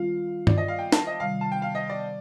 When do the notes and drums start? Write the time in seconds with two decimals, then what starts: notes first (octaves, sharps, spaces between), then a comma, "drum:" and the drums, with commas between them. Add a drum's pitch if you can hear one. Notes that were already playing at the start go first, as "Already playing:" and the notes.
Already playing: D#3 G3 C4 F4 F5
0.47 D5, drum: tom G2
0.58 D#5
0.68 F5
0.79 G5
0.92 A5, drum: snare
1.07 D#5
1.20 C3 D#3 G3 F5
1.41 A5
1.52 G5
1.62 F5
1.75 D#5
1.89 D5